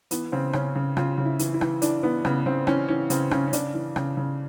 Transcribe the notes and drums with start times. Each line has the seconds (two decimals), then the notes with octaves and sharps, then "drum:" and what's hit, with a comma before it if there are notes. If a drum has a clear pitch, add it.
0.11 E3 B3, drum: hi-hat
0.32 C#3 C4
0.53 C#3 C#4, drum: rim click
0.75 C#3
0.97 C#3 F4, drum: rim click
1.18 C#3
1.25 E4
1.39 E3, drum: hi-hat
1.53 E4
1.61 E3, drum: rim click
1.82 E3 D4, drum: hi-hat
2.03 E3 B3
2.25 C#3 B3, drum: rim click
2.46 C#3 C4
2.67 E3 C#4, drum: rim click
2.89 E3 C#4
3.10 C#3 C4, drum: hi-hat
3.31 C#3 C#4, drum: rim click
3.47 C#4
3.53 C#3 D4, drum: hi-hat
3.74 E3
3.96 C#3, drum: rim click
4.17 C#3